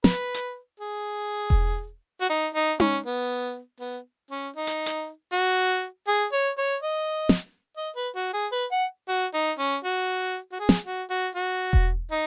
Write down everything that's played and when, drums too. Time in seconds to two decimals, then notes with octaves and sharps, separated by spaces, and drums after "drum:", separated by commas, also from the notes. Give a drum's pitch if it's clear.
0.04 B4, drum: snare
0.34 drum: hi-hat
0.80 G#4
1.50 drum: kick E1
2.21 F#4
2.30 D#4
2.55 D#4
2.80 C#4, drum: tom D#4
3.06 B3
3.80 B3
4.31 C#4
4.56 D#4
4.67 drum: hi-hat
4.86 drum: hi-hat
5.32 F#4
6.07 G#4
6.32 C#5
6.58 C#5
6.82 D#5
7.29 drum: snare
7.76 D#5
7.96 B4
8.15 F#4
8.33 G#4
8.52 B4
8.71 F#5
9.08 F#4
9.34 D#4
9.59 C#4
9.85 F#4
10.52 F#4
10.60 G#4
10.69 drum: snare
10.85 F#4
11.10 F#4
11.35 F#4
11.73 drum: kick E1
12.11 D#4